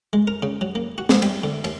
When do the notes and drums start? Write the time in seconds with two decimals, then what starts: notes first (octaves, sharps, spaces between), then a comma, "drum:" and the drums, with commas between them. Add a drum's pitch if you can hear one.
0.13 G#3
0.27 A#4
0.42 C#3
0.61 F#3
0.75 A#3
0.98 F#4
1.09 G#3, drum: snare
1.22 G3, drum: cymbal
1.44 D3
1.64 D#2, drum: cymbal